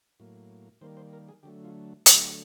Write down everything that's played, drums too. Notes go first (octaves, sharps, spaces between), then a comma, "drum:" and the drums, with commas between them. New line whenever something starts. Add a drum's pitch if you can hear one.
A2 F#3 A#3
D#3 G3 A#3 C5
C5
A#4
G#4
D3 F#3 A3 G4
F4
D3 F#3 A3 G#4, drum: hi-hat
G4